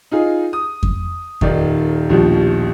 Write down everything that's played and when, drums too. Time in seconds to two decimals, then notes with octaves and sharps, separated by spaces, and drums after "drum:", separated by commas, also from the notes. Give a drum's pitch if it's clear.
0.12 D#4 F4 G#4
0.53 D#6
0.83 drum: kick F2
1.41 D#1 D#3 D5, drum: kick F2
2.09 A#1 D#2 B2 F3 G3